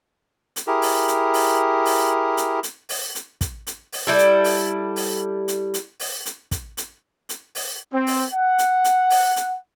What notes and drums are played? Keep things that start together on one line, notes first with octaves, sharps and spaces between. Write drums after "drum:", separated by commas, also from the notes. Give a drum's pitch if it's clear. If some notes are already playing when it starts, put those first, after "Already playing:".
drum: hi-hat
E4 G4 G#4 A#4
drum: open hi-hat
drum: hi-hat
drum: open hi-hat
drum: open hi-hat
drum: hi-hat
drum: hi-hat
drum: open hi-hat
drum: hi-hat
drum: kick, hi-hat
drum: hi-hat
drum: open hi-hat
G3 E4 A4
drum: hi-hat
drum: open hi-hat
drum: open hi-hat
drum: hi-hat
drum: hi-hat
drum: open hi-hat
drum: hi-hat
drum: kick, hi-hat
drum: hi-hat
drum: hi-hat
drum: open hi-hat
C4
drum: open hi-hat
F#5
drum: hi-hat
drum: hi-hat
drum: open hi-hat
drum: hi-hat